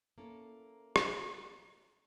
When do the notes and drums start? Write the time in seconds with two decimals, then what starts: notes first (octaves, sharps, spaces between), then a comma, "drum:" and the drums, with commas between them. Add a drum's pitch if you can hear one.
0.18 A#3 C#4 E4 A4
0.96 drum: rim click